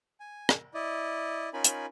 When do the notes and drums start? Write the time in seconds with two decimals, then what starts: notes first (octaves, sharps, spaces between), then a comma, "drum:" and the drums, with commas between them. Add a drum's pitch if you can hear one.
0.20 G#5
0.49 drum: rim click
0.74 E4 D5 D#5
1.53 C#4 D#4 F4 A#4 G#5 B5
1.64 drum: hi-hat